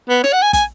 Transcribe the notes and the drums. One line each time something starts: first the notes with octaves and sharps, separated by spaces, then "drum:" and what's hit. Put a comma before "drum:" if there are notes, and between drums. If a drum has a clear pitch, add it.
B3
C#5, drum: snare
F#5
G#5
G#5, drum: kick, hi-hat